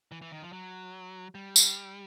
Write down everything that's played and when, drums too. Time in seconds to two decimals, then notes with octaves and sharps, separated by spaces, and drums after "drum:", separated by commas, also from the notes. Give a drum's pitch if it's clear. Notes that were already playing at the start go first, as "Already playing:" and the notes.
0.12 E3
0.22 E3
0.32 D#3
0.43 F3
0.53 F#3
1.35 G3
1.56 drum: tambourine